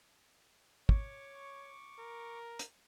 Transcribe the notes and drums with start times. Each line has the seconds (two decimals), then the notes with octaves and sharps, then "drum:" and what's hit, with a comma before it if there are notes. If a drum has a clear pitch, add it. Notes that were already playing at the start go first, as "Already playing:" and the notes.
0.89 C#5 C#6 D6, drum: kick
1.99 A#4
2.59 drum: hi-hat